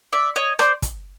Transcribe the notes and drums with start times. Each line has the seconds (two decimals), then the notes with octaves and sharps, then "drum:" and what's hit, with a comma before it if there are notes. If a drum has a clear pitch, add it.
0.13 D5 E5
0.36 C#5 D#5
0.59 C5 D5, drum: rim click
0.82 drum: kick, hi-hat